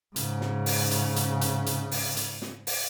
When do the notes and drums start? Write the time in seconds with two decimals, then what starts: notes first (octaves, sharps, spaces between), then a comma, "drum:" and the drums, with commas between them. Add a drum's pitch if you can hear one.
0.16 G#2 C#3, drum: hi-hat
0.41 drum: snare
0.66 drum: open hi-hat
0.91 drum: hi-hat
1.16 drum: hi-hat
1.41 drum: hi-hat
1.66 drum: hi-hat
1.92 drum: open hi-hat
2.17 drum: hi-hat
2.42 drum: snare
2.67 drum: open hi-hat